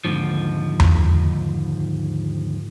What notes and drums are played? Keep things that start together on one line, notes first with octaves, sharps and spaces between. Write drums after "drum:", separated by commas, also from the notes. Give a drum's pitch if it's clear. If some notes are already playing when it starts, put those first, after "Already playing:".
D#2 G#2 D3 F3
drum: tom E2